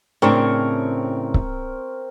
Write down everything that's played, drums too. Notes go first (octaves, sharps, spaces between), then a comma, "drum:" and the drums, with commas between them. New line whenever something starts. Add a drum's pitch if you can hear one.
A2 C#3 C4 D4 A#4 C#6
drum: kick C#1